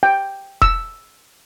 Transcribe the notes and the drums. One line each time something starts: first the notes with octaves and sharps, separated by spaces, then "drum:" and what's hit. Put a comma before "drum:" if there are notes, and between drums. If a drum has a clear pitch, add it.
G5
E6, drum: kick E1